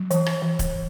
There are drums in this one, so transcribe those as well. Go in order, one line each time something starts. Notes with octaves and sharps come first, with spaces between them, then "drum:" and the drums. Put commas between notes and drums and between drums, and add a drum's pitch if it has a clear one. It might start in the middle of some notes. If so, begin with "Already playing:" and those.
Already playing: F#3
E3, drum: hi-hat
drum: rim click
E3
drum: kick D1, hi-hat